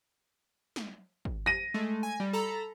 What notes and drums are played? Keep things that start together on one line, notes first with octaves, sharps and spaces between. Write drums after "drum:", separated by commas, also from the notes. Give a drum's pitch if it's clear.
drum: snare
drum: kick
A#6 D#7
G#3 A3
G#5
G3
A4 A#5 B5